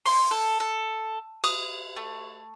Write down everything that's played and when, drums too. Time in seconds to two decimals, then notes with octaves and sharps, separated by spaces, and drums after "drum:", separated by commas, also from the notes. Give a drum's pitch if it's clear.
0.06 C6, drum: open hi-hat
0.31 A4
0.60 A4
1.44 D#6, drum: cymbal
1.96 A3